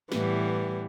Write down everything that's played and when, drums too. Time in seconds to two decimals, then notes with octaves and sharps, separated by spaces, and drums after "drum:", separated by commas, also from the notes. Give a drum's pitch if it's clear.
0.12 A2 E3 G3 B3, drum: snare